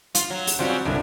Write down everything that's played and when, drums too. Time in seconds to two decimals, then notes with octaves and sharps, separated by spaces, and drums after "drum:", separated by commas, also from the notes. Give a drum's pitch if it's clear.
0.15 F4, drum: hi-hat
0.30 F#3
0.47 drum: open hi-hat
0.59 C#3 F#3 G3 C4 F4 F#4
0.85 G1 C2 D3